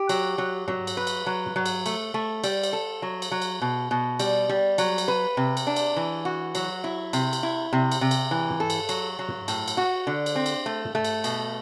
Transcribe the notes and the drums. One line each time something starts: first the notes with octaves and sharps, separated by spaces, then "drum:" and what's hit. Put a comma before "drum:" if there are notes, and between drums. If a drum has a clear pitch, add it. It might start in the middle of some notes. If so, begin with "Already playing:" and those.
Already playing: G4
F#3, drum: cymbal
F#3
F#3, drum: tom
drum: cymbal
B4
drum: cymbal
F#3
drum: tom
F#3
drum: cymbal
A3, drum: cymbal
A3
G3, drum: cymbal
drum: cymbal
A4
F#3
drum: cymbal
F#3
drum: cymbal
B2
B2
G3, drum: cymbal
G3
F#3, drum: cymbal
drum: cymbal
B4
C3
drum: cymbal
D4
drum: cymbal
E3
F#4
F#3, drum: cymbal
E4
C3, drum: cymbal
drum: cymbal
E4
C3
drum: cymbal
C3
drum: cymbal
E3
drum: tom
A4
drum: cymbal
F#3, drum: cymbal
F#3
drum: tom
A2, drum: cymbal
drum: cymbal
F#4
D3
drum: cymbal
C4
drum: cymbal
A3
drum: tom
A3
drum: cymbal
B2, drum: cymbal